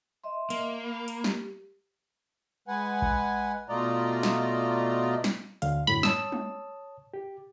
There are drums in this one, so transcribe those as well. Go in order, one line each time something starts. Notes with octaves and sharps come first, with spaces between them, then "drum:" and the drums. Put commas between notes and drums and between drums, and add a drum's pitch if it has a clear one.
D#5 E5 C6
A#3, drum: hi-hat
B5
drum: hi-hat
G4, drum: snare
G#3 B4 F#5 G#5
drum: kick A#1
B2 A3 F4 D5 D#5 A#5
drum: snare
drum: snare
D2 D3 F5, drum: hi-hat
F#2 A2 D3 B5
C#5 A5 D#6 E6, drum: snare
drum: tom
G4